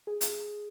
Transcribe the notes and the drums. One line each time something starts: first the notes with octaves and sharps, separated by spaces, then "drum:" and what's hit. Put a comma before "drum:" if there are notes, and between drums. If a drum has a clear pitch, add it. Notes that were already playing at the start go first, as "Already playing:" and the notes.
G#4
drum: hi-hat